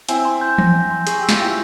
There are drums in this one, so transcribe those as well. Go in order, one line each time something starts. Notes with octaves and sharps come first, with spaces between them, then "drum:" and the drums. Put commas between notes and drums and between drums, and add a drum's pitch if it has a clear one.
C4 E4 G#5, drum: hi-hat
C6
G6
A#6, drum: tom E3
G#5
C6
G#4 C#6, drum: hi-hat
G4 E6
F4, drum: snare
E4 G4 A#6